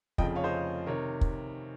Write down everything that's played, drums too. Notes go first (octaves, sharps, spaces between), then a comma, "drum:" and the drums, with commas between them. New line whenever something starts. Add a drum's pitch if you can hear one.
F1 F2 C#3 F3 D#5 G5, drum: kick
C#5 F5
C5 D#5
C3 D#3 A#4 C#5
drum: kick